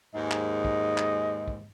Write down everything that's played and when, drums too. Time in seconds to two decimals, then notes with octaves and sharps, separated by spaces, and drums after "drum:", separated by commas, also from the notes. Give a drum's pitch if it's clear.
0.15 D#2 G#2 D#5
0.31 drum: clap
0.65 drum: kick
0.98 drum: clap
1.48 drum: kick